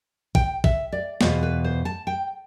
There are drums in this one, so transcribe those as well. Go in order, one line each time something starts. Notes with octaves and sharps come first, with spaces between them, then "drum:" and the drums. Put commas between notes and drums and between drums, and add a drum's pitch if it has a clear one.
G5, drum: kick
E5, drum: kick
D5
E2 B2 B3 F4 C5, drum: snare
B4
C5
A5
G5